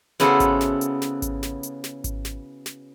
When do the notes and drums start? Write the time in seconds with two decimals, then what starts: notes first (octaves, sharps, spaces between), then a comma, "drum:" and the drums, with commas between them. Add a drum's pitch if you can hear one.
0.20 C#3 B3 E4 F#4 A4 C5, drum: snare
0.40 drum: kick G#1, hi-hat
0.61 drum: snare
0.81 drum: hi-hat
1.02 drum: snare
1.22 drum: kick G#1, hi-hat
1.43 drum: snare
1.63 drum: hi-hat
1.84 drum: snare
2.04 drum: kick G#1, hi-hat
2.25 drum: snare
2.66 drum: snare